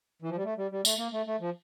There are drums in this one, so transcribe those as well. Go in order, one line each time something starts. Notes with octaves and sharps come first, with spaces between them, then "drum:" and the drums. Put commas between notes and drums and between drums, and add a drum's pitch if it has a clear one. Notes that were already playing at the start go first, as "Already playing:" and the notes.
E3
F3
G3
A3
G3
G3
A3, drum: tambourine
A#3
A3
A3
F3